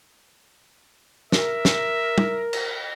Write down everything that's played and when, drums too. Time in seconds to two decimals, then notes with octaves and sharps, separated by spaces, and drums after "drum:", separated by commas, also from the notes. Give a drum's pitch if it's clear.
1.32 A#4 E5, drum: snare
1.65 drum: snare
2.18 drum: tom
2.53 drum: cymbal